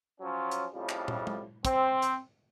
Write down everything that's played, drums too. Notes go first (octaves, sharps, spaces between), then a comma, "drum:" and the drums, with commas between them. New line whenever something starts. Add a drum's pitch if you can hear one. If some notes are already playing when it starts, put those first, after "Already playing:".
F3 F#3 C#4
drum: hi-hat
F2 A2 C#3 F3 G3
drum: clap
drum: tom
drum: tom G#3
C4, drum: kick, hi-hat
drum: hi-hat